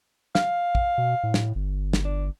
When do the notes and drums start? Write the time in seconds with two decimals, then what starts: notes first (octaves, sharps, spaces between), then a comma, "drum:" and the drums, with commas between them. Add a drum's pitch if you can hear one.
0.35 F5, drum: snare
0.75 drum: kick
0.98 B2
1.23 A2
1.34 drum: snare
1.55 G1
1.93 drum: snare
2.05 D4